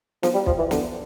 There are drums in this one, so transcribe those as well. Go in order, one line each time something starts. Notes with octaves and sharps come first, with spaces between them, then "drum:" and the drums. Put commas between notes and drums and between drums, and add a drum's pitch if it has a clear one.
F3, drum: snare
G3
F3, drum: kick
E3
D3, drum: snare